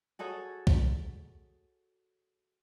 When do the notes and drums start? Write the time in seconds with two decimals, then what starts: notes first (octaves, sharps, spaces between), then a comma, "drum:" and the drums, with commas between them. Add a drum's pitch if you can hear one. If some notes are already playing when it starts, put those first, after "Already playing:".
0.19 F#4 G#4 A4 C#5
0.67 drum: kick